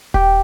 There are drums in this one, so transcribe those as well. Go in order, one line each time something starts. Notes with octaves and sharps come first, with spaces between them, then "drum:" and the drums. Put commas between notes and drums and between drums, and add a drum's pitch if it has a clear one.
G4, drum: kick D#1